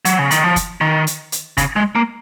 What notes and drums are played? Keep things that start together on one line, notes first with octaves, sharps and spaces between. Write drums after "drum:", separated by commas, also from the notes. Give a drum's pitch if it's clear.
F#3, drum: hi-hat
C#3
D#3, drum: hi-hat
F3
drum: kick F#1, hi-hat
D#3
drum: hi-hat
drum: hi-hat
C#3, drum: kick F#1, hi-hat
G#3
A#3